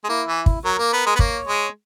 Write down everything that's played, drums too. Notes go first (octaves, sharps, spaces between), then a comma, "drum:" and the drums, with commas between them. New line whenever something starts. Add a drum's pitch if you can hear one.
G#3
A#3 E4
E3
drum: kick
F#3 A#4
A#3
B3
G#3
B3
A#3 C#5, drum: kick
G#3